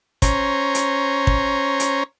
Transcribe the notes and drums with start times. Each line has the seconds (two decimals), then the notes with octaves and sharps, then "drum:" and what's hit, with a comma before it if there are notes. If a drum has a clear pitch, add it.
0.22 C#4 C5 C#5 A#5, drum: kick, hi-hat
0.75 drum: hi-hat
1.27 drum: kick
1.80 drum: hi-hat